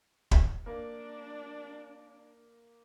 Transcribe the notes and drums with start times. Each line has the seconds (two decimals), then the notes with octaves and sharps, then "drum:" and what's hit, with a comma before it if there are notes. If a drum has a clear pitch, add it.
0.31 drum: kick
0.66 A#3 D4